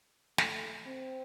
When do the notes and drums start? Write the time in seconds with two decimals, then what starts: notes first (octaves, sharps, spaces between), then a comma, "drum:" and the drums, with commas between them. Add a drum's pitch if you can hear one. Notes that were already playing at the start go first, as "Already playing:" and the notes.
0.38 A3, drum: snare
0.86 C4